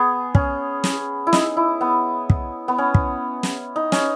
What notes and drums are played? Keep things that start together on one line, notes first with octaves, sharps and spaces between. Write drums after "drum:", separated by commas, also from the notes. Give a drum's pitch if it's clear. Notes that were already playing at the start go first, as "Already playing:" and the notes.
Already playing: B3 G#4
C#4, drum: kick
drum: snare
E4
D#4, drum: snare
E4
B3
drum: kick
B3
C#4
drum: kick
drum: snare
D#4
C#4, drum: snare